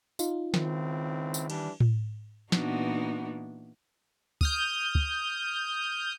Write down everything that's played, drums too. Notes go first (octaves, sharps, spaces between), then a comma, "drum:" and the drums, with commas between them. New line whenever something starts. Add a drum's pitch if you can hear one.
D#4 F4, drum: tambourine
C#2 D#3 C4 E4, drum: snare
drum: tambourine
E3 G3 D4, drum: cymbal
drum: tom A2
A#2 E3 B3 D4 D#4 F#4, drum: snare
D#6 F6 G6, drum: kick
drum: kick